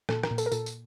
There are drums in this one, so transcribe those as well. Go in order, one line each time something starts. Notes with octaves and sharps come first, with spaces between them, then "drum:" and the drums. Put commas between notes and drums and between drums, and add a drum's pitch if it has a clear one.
A#2 A4, drum: rim click
A#4, drum: rim click
A#2
A4, drum: tambourine
A#4
A#2 A4, drum: tambourine
drum: tambourine